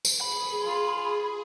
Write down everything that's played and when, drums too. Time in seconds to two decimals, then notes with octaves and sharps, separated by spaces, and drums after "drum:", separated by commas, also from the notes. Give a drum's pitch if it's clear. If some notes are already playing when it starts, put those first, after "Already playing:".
0.05 drum: tambourine
0.21 G#4 B5
0.65 F4